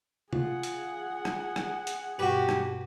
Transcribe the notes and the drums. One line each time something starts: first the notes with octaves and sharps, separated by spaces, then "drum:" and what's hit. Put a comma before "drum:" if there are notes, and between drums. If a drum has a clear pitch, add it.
F4 G#4 F#5, drum: tom C3
drum: hi-hat
drum: rim click
drum: rim click
drum: hi-hat
G2 B2 F#4 G4 B4
drum: rim click